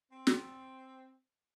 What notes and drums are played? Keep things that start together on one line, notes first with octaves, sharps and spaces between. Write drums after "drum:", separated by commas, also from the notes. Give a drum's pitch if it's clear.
C4
drum: snare